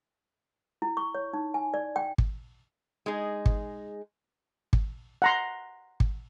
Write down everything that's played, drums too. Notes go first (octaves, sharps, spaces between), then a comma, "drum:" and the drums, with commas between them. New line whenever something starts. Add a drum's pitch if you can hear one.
E4
C#6
C#5
D#4
G#5
D5
G5
drum: kick
G#3 D#4 G#4
drum: kick
drum: kick
F#5 A#5 C6
drum: kick